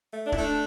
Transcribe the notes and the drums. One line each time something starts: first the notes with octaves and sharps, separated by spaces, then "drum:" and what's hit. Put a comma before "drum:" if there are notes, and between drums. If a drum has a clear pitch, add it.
A3
D4
E4, drum: kick
A3 D4